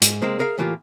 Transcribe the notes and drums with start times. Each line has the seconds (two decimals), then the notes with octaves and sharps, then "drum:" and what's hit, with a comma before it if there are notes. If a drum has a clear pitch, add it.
0.02 G#2, drum: hi-hat
0.22 C3 G#3 A#3 C4
0.39 G#4 A#4 E5 F5
0.58 A2 E3 A#3 F4 G4